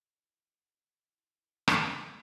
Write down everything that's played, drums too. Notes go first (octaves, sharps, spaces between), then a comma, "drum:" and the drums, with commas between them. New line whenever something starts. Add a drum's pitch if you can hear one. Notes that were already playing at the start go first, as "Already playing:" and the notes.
E4
E4
drum: rim click
C#4